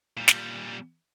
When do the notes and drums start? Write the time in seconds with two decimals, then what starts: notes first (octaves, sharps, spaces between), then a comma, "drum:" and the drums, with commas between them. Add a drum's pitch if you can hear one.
0.17 A#2 G3
0.28 drum: snare